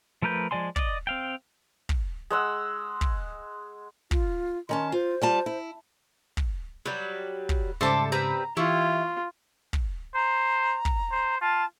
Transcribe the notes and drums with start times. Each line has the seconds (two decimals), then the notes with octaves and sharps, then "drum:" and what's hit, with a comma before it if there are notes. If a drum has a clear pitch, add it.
0.22 F3 A3 A#4 B4 G6
0.51 F3 G#3 D5 G#5 C6
0.76 D5 D#5, drum: kick
1.07 C4 F5 G5
1.89 drum: kick
2.30 G#3 F#5 E6
3.01 drum: kick
4.11 F4, drum: kick
4.69 D#3 C#4 A5 C6
4.92 F4 C5
5.22 G3 F4 A5
5.46 E4
6.37 drum: kick
6.86 F#3 G3 B4
7.49 drum: kick
7.81 G#2 C#3 G3 A4 C5 E5 A5 D6
8.12 G3 C4 B4 A#5
8.57 E3 E4 F4 G4 C#6
9.73 drum: kick
10.15 C5 A#5
10.85 drum: kick
11.12 C5
11.41 F4 A5